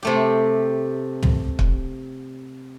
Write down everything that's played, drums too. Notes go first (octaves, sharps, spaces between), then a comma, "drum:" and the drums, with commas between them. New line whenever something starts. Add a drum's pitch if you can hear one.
C3 A3 G4
drum: tom
drum: kick